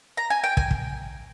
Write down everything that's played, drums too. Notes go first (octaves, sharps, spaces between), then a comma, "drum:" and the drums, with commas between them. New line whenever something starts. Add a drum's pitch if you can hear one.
A#5
G#5
G5
G#5, drum: kick
drum: kick